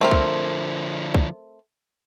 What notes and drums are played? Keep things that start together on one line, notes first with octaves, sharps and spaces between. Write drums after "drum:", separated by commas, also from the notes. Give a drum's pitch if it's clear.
D3 F3 A3 C4 A#4
drum: kick C2
drum: kick C2